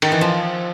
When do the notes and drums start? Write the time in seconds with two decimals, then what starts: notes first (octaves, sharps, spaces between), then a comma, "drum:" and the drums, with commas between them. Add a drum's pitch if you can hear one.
0.02 D#3, drum: cymbal
0.12 E3
0.21 F3